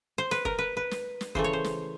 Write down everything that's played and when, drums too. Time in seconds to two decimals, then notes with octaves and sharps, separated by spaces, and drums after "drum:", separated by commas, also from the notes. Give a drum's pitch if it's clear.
0.18 C5
0.31 B4, drum: snare
0.45 A#4, drum: kick
0.59 B4
0.77 B4
0.91 drum: snare
1.21 drum: snare
1.35 C#3 E3 A3 C5, drum: kick
1.44 C#5
1.53 C5
1.64 drum: snare